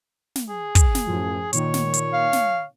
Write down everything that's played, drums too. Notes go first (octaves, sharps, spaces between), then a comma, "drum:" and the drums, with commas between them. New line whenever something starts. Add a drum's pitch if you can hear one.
drum: snare
G#4
drum: kick, hi-hat
drum: snare
F#2 A2 F3
A#2 D#3 C#5, drum: hi-hat
drum: snare
drum: hi-hat
F5
drum: snare